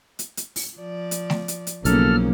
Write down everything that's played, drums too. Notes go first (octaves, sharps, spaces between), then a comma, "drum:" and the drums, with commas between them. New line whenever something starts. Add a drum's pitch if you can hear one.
drum: hi-hat
drum: hi-hat
drum: open hi-hat
F3 D5
drum: hi-hat
drum: snare A3
drum: hi-hat
drum: hi-hat
B1 C#3 F3 A#3 C#4 A4 F6, drum: hi-hat